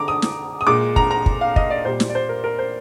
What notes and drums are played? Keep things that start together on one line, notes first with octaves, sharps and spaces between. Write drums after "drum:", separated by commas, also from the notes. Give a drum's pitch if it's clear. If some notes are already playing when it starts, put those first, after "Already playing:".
Already playing: D3 G#3 A#5 D6
D#6
drum: snare
D#6
A#2 G#3 D6
A#5, drum: kick
A#5
drum: kick
F5
D#5, drum: kick
D5
A#2 G3 C5
drum: snare
D5
C5
A#4
A#4
C5